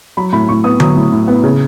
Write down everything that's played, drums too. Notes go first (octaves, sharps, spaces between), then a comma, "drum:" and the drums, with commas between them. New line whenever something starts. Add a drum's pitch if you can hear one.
F#3 B5
A2 B5
A2 C#6
B3 D#6
F#3 D#6, drum: tom D3
A2
A2
B3
C#3